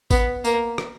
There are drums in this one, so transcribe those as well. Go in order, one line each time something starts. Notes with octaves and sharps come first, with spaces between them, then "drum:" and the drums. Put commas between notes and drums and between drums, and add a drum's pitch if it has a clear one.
B3, drum: kick G#1, tambourine
A#3, drum: tambourine
drum: rim click